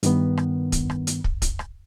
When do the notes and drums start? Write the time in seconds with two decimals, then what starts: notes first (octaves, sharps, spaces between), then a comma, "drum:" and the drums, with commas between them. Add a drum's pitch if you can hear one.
0.03 G2 D#3 B3, drum: hi-hat
0.37 drum: rim click
0.72 drum: kick, hi-hat
0.90 drum: rim click
1.07 drum: hi-hat
1.24 drum: kick
1.42 drum: kick, hi-hat
1.59 drum: rim click